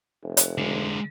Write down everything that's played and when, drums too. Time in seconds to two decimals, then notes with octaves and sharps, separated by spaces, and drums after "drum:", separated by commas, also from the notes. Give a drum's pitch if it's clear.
0.23 F1
0.37 drum: hi-hat
0.58 D3 G#3